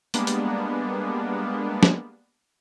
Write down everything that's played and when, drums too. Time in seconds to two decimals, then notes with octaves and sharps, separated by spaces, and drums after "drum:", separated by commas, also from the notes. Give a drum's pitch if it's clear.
0.14 G3 G#3 A#3 B3 D4, drum: hi-hat
0.27 drum: hi-hat
1.83 drum: snare